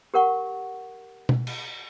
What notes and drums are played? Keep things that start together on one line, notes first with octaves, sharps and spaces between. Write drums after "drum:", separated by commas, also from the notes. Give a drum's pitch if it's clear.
G4 A#4 F#5 C#6
drum: tom B2
drum: cymbal